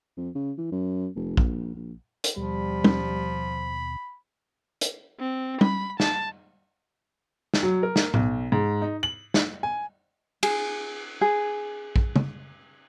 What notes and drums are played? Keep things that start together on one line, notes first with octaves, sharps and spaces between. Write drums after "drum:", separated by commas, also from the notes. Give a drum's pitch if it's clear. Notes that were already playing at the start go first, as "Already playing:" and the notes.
F2
C#3
E3
F#2
F1
A#1, drum: kick
A#1
drum: hi-hat
D#2 B2 F3 G3 B5
drum: tom G3
drum: hi-hat
C4
B5, drum: tom G3
A5, drum: snare
drum: snare
F#3
A#4
drum: snare
B1, drum: tom A2
G#2
D#4
F#7
drum: snare
G#5
G#4, drum: cymbal
G#4
drum: kick
drum: tom